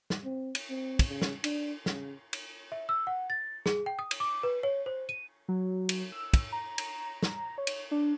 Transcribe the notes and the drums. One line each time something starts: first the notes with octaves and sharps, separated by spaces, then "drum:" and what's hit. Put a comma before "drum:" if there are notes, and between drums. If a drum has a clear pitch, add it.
drum: snare
C4
drum: cymbal
C4
drum: kick, cymbal
C#3
drum: snare
D4, drum: cymbal
C#3, drum: snare
drum: cymbal
E5
E6
F#5
A6
G#4, drum: snare
G5
D#6
drum: cymbal
D6
B4
C#5
C5
D#7
F#3
drum: cymbal
E6
drum: kick, cymbal
A#5
drum: cymbal
drum: snare
C#5
drum: cymbal
D4